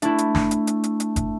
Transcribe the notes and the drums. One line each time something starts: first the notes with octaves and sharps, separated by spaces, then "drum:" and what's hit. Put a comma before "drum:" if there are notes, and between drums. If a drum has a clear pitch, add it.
A3 D4 E4, drum: hi-hat
drum: hi-hat
drum: snare
drum: hi-hat
drum: hi-hat
drum: hi-hat
drum: hi-hat
drum: kick F#1, hi-hat